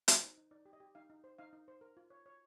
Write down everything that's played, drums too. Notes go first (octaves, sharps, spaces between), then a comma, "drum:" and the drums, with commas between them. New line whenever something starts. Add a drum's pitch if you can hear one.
C5 F#5, drum: hi-hat
D#4
D#4
D#4 D5
G4
D#5
G4
D#4 F5
D#4
C5
D#4 F5
D#4
C5
A#4
F4
C#5
C#5